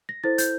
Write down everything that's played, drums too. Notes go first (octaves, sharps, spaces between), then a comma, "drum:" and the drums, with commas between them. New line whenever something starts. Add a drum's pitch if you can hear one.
A#6
E4 A4 C5 A6
G6, drum: hi-hat